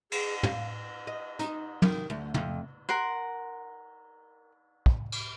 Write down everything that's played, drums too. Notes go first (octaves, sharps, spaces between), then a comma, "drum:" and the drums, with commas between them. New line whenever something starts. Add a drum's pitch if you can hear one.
G#4, drum: cymbal
F5, drum: tom
D#5
D#4, drum: hi-hat
D#3, drum: tom
D2
F2, drum: tom
A#4 F#5 C6
drum: kick
drum: cymbal